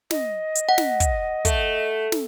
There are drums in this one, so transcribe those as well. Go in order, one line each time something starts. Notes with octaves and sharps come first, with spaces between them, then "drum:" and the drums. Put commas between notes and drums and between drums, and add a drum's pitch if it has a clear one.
D#5, drum: snare
drum: hi-hat
F#5
drum: snare
drum: kick, hi-hat
A3, drum: kick, hi-hat
drum: snare